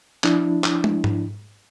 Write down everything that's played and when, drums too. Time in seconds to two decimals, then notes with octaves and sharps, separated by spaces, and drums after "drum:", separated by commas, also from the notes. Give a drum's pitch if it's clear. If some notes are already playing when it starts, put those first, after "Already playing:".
0.24 F3 D4 E4, drum: clap
0.64 drum: clap
0.84 drum: tom
1.04 drum: tom G#2